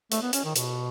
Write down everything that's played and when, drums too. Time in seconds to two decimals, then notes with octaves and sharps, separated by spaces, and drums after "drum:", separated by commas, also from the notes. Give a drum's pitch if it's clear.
0.12 A3, drum: hi-hat
0.22 B3
0.33 C#4, drum: hi-hat
0.45 D#3
0.56 B2, drum: hi-hat